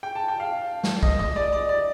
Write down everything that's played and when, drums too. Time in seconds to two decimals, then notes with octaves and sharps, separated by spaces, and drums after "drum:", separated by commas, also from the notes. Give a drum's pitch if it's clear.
0.03 G5
0.15 A5
0.28 G5
0.40 F5
0.84 drum: snare
1.03 D#5, drum: kick
1.19 D#5
1.36 D5
1.53 D5
1.69 D5